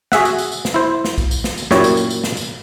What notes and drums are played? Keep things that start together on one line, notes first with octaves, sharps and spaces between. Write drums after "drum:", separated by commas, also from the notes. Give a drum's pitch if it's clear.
F#4 G#4 E5 F#5, drum: snare
drum: tambourine
drum: tambourine
drum: tambourine
drum: snare
E4 C5
drum: snare
drum: kick B1, tambourine
drum: tambourine
drum: snare
drum: tambourine
F#2 A#2 E4 G4 C#5, drum: snare
drum: tambourine
drum: tambourine
drum: tambourine
drum: snare
drum: tambourine